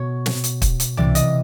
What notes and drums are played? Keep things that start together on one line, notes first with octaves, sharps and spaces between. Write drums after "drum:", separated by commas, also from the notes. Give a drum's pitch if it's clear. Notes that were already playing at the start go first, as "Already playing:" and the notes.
Already playing: B2 C#5
drum: snare
drum: hi-hat
drum: kick, hi-hat
drum: hi-hat
C3 E3 D5, drum: tom C2
D#5, drum: hi-hat